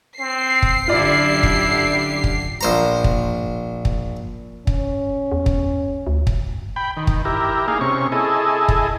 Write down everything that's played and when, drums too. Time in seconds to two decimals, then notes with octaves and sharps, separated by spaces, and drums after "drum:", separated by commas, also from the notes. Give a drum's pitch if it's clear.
0.19 C4 C7
0.63 drum: kick
0.88 F#2 D3 E4 F4 G4 D5
1.43 drum: kick
2.24 drum: kick
2.61 A#1 C5 A#5
3.04 drum: kick
3.85 drum: kick
4.67 C#4, drum: kick
5.32 E2
5.46 drum: kick
6.07 D2
6.27 drum: kick
6.76 G5 B5
6.97 D#3
7.07 drum: kick
7.25 E4 G4 A#4
7.68 A#3 D#4 G#4 F5
7.81 C3 C#4 C#6
8.12 E4 G#4 A4 D#5
8.69 drum: kick